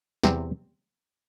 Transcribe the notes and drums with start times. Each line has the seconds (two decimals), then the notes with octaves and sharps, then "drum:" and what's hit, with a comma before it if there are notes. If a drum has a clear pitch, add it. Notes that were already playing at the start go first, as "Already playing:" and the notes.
0.24 E2 C3 G3 C4, drum: snare